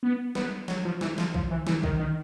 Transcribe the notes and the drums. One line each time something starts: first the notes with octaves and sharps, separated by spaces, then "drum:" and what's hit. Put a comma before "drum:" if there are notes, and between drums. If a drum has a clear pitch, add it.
B3
B3, drum: snare
F#3, drum: snare
F3
E3, drum: snare
F3, drum: snare
F3, drum: kick B1
E3
E3, drum: snare
D#3, drum: kick B1
D#3